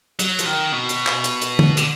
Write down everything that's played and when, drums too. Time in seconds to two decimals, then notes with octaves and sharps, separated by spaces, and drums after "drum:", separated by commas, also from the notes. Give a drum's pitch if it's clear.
0.19 F#3, drum: hi-hat
0.39 F3, drum: hi-hat
0.46 D#3
0.72 B2
0.89 drum: hi-hat
1.07 drum: clap
1.24 drum: hi-hat
1.42 drum: hi-hat
1.59 drum: tom
1.77 D3, drum: hi-hat